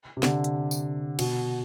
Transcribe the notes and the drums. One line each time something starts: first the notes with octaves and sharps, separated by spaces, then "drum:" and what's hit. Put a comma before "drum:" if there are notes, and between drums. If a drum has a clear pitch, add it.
C3
D3, drum: snare
drum: hi-hat
drum: tambourine
B2, drum: cymbal